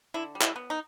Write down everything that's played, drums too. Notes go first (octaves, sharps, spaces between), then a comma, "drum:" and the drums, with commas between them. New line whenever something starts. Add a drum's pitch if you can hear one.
D3 E4
G3
E4, drum: clap
B3
D#4